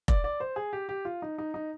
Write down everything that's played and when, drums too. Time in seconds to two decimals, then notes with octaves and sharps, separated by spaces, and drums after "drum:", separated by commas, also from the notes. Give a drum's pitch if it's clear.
0.08 D5, drum: kick F1
0.24 D5
0.40 C5
0.56 G#4
0.73 G4
0.89 G4
1.05 F4
1.22 D#4
1.38 D#4
1.54 D#4